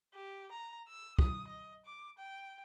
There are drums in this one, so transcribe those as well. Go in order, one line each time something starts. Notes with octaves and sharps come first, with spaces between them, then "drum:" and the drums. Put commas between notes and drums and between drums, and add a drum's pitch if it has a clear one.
G4
A#5
E6
D#6, drum: kick
D#5
D6
G5